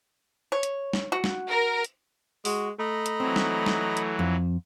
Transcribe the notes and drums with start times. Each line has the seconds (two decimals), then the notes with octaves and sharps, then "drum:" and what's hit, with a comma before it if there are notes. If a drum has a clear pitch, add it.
0.52 C#5
0.63 drum: hi-hat
0.93 drum: snare
1.12 F#4
1.24 drum: snare
1.48 A#4
1.84 drum: hi-hat
2.45 G#3 F#4, drum: open hi-hat
2.79 A3 D#5 A#5 B5
3.06 drum: hi-hat
3.20 E3 F#3 C4
3.36 drum: snare
3.66 drum: snare
3.97 drum: hi-hat
4.19 F2